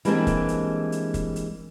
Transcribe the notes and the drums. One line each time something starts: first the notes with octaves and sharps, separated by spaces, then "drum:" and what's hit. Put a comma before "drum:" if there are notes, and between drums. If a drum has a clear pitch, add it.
E3 G3 G#3 A#3 C4 D4, drum: hi-hat
drum: kick, hi-hat
drum: hi-hat
drum: hi-hat
drum: kick, hi-hat
drum: hi-hat